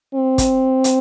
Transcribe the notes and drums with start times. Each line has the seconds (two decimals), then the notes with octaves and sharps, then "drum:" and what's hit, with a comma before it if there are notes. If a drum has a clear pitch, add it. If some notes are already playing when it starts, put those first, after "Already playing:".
0.15 C4
0.38 drum: kick, hi-hat
0.84 drum: hi-hat